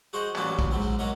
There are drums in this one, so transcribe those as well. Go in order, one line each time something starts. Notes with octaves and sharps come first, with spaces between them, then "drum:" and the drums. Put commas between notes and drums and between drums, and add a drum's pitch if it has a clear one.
F#4 G#4 C5 D#5 F#5 G5
A1 A#2 F#3 C#4 D4 B4, drum: clap
drum: kick A#1, tambourine
G#2 F#3 C4
drum: tambourine
F#3 A#3 F#4 A#4 C#5 D#5